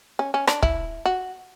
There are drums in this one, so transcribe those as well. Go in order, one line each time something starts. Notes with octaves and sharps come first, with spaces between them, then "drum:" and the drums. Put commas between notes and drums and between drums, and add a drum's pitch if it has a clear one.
C#4
C#4
D4, drum: rim click
E4, drum: kick
F#4